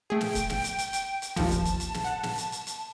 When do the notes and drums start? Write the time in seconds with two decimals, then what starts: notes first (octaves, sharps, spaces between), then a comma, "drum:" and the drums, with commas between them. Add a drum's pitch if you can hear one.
0.10 A3 G#4 G5
0.21 drum: snare
0.35 drum: kick, hi-hat
0.50 drum: snare
0.64 drum: hi-hat
0.79 drum: hi-hat
0.93 drum: hi-hat
1.22 drum: hi-hat
1.36 A1 D#2 F3 A5, drum: snare
1.51 drum: kick, hi-hat
1.65 drum: hi-hat
1.80 drum: hi-hat
1.94 drum: snare
2.04 F#5
2.23 drum: snare
2.38 drum: hi-hat
2.52 drum: hi-hat
2.67 drum: hi-hat